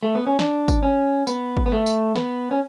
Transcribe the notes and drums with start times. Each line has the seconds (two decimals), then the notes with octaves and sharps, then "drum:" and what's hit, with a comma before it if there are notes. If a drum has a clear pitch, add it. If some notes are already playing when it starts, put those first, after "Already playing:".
0.03 A3
0.15 B3
0.27 C#4
0.39 D4, drum: snare
0.68 drum: kick, tambourine
0.83 C#4
1.27 B3, drum: tambourine
1.57 drum: kick
1.66 B3
1.72 A3
1.86 drum: tambourine
2.16 B3, drum: snare
2.51 C#4